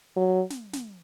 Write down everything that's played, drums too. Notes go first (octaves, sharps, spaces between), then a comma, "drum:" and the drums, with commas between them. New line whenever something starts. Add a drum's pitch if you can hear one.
F#3
drum: snare
drum: snare